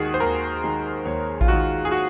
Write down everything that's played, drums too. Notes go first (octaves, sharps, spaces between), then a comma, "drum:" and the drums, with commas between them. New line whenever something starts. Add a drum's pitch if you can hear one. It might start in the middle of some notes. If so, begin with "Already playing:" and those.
Already playing: D#2 D#3 G#3 F#4 G#4
C5
D#2 A#4
D#3 G#3
D#2 C#5
F4, drum: kick A1
D#3 G#3 F#4
G#4
F#4